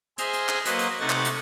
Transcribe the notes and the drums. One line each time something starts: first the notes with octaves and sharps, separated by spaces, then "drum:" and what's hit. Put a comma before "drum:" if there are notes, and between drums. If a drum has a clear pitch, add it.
G#4 C5 D#5 E5 G#5 F6, drum: hi-hat
drum: hi-hat
drum: clap
F#3 A#3 F#4 B4 C5 D#5, drum: hi-hat
drum: hi-hat
C3 A3 D#4 F#5 C#6 A6
drum: clap
drum: hi-hat